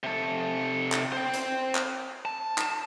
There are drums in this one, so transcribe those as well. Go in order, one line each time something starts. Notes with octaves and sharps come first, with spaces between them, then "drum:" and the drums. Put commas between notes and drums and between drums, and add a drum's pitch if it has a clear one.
C3 A4
drum: clap
C5 G5
drum: hi-hat
drum: clap
A5
drum: clap